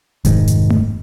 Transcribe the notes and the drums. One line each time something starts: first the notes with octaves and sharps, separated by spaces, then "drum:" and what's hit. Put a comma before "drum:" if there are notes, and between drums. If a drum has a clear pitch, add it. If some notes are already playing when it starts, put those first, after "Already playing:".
F1 G#2 D#3, drum: kick D1, hi-hat
drum: hi-hat
drum: tom A3